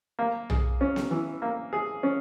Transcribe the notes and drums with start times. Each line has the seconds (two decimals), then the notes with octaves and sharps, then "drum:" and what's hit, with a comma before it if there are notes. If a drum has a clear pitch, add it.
0.19 A#3
0.50 G#4, drum: tom B1
0.81 C#4
0.96 drum: snare B3
1.11 E3
1.42 A#3
1.73 G#4
2.03 C#4